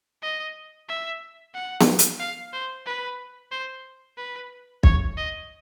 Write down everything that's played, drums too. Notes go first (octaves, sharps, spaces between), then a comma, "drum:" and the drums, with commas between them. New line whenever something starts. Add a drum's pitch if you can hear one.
D#5
E5
F#5
drum: snare B3
drum: hi-hat
F5
C5
B4
C5
B4
C#5, drum: kick
D#5